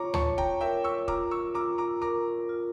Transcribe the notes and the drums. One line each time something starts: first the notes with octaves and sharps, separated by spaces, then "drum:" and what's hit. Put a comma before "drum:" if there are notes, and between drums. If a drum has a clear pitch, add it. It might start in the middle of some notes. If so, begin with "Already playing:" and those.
Already playing: F4 C#5 A#5 C#6 D6
C#5 A5 C#6, drum: tom D2
G5 A#5, drum: kick
A#4 E5 G5
C#6 E6
F4 A#5 D6, drum: kick
C#6 E6
F4 A#5 D6
A#5 D6
A#4 A#5 D6
F4